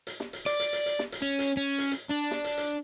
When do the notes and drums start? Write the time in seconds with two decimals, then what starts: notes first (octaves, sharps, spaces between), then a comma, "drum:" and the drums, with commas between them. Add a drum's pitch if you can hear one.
0.07 drum: hi-hat
0.20 drum: snare
0.33 drum: hi-hat
0.46 D5, drum: hi-hat
0.60 drum: hi-hat
0.73 drum: hi-hat
0.86 drum: hi-hat
0.99 drum: snare
1.12 drum: hi-hat
1.22 C#4
1.39 drum: hi-hat
1.57 C#4
1.78 drum: hi-hat
1.92 drum: hi-hat
2.09 D4
2.31 drum: snare
2.44 drum: hi-hat
2.58 drum: hi-hat